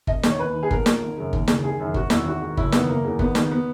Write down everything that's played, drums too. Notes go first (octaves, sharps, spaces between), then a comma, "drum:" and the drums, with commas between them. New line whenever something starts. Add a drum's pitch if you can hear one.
E1 D#5, drum: kick G1
E2 D#3, drum: snare
C#5
D#2 B4
D#3
G#4
B1 A#4, drum: kick G1
A#2, drum: snare
G#1
F#2 C#3
D#2, drum: kick G1
C#3 E3, drum: snare
G#1 G#4
F#2 D#3
E1 F#4, drum: kick G1
E2 D#3 E4, drum: snare
G#1 F#4
G#2 D#3
F#1 E4, drum: kick G1
E2 D#3 B3, drum: snare
F#1 A#3
E2 C#3 E3
G#1 B3, drum: kick G1
G#2 D#3, drum: snare
B3